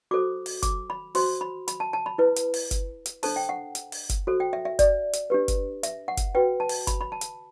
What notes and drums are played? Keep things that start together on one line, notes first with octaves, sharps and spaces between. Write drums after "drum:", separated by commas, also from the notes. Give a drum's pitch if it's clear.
F#4 A4 C5 D6
drum: open hi-hat
D6, drum: kick F#1, hi-hat
B5
F#4 C5 C6, drum: open hi-hat
B5
B5, drum: hi-hat
A5
A5
B5
E4 B4
drum: hi-hat
drum: open hi-hat
drum: kick F#1, hi-hat
drum: hi-hat
D4 A4 C5 A5, drum: open hi-hat
G5
F#5
drum: hi-hat
drum: open hi-hat
drum: kick F#1, hi-hat
F#4 A4 C5
G5
E5
E5
D5, drum: kick F#1, hi-hat
drum: hi-hat
D4 G4 B4
drum: kick F#1, hi-hat
E5, drum: hi-hat
F#5
drum: kick F#1, hi-hat
F#4 B4 G5
A5
drum: open hi-hat
B5, drum: kick F#1, hi-hat
B5
A5
drum: hi-hat